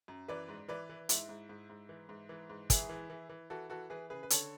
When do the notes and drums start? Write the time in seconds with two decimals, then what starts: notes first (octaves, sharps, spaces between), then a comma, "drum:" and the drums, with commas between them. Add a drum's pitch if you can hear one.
0.08 F#2
0.28 E3 B4 D5
0.49 G#2
0.69 E3 B4 D5
0.89 E3
1.09 G#2 E4, drum: hi-hat
1.29 G#2
1.49 G#2
1.70 G#2
1.89 E3
2.09 G#2
2.29 E3
2.50 G#2
2.70 E3 E4 G#4, drum: kick, hi-hat
2.90 E3
3.10 E3
3.30 E3
3.50 E3 F#4 A4
3.70 E3 F#4 A4
3.90 E3 G#4 B4
4.10 C#3 G#4 B4
4.23 B4
4.30 D3 A4 C#5, drum: hi-hat